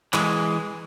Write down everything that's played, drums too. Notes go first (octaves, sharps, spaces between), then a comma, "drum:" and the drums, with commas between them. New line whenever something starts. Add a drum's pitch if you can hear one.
E3 G#3, drum: clap